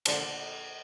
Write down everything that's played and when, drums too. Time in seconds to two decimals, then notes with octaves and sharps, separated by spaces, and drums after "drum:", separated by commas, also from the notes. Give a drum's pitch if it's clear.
0.05 A#1 D3 D4 C5 A5, drum: cymbal